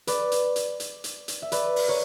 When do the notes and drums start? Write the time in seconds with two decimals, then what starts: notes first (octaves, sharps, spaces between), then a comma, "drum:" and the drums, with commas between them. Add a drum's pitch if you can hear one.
0.07 B4 D5, drum: hi-hat
0.32 drum: hi-hat
0.56 drum: hi-hat
0.80 drum: hi-hat
1.04 drum: hi-hat
1.28 drum: hi-hat
1.42 E5
1.52 B4 D5, drum: hi-hat
1.76 drum: open hi-hat
1.88 A#4 C#5